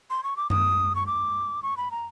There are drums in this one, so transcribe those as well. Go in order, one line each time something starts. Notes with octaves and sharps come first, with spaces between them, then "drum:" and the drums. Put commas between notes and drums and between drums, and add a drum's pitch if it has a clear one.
C6
C#6
D6
D#6, drum: tom F#2
C#6
D6
C#6
B5
A#5